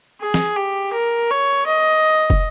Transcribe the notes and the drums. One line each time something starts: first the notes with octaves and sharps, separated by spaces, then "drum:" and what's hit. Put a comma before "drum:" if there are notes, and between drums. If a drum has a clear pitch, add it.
G#4
drum: snare
G4
A#4
C#5
D#5
drum: kick